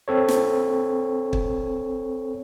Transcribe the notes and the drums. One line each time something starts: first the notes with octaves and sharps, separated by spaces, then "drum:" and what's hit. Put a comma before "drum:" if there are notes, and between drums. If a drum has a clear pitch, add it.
C4 A4 C#5
drum: snare
drum: kick